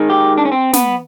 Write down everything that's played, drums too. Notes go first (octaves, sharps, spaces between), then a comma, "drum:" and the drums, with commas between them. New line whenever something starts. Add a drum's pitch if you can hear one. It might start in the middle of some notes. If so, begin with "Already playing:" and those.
Already playing: D#3 G#3
G4
D4
C#4
C4
B3, drum: snare